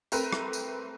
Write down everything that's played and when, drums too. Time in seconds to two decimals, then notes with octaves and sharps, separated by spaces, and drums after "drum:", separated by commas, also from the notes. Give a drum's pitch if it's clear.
0.12 A3 C4 A#4 B4, drum: tambourine
0.32 drum: rim click
0.53 drum: tambourine